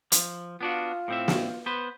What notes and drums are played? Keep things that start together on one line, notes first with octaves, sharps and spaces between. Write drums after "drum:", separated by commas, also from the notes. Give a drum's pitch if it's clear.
F3, drum: hi-hat
B3 D4 F4 F#4
A2 C4 E5
drum: snare
B3 B4 C5